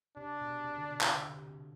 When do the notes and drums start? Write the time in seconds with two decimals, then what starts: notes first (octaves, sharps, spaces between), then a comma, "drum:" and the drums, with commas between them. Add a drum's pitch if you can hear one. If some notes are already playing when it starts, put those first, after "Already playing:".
0.17 C3 D4
0.41 B2
0.64 C3
0.77 D3
0.89 B2
1.01 C3, drum: clap
1.14 D3
1.26 D3
1.38 C3
1.50 C3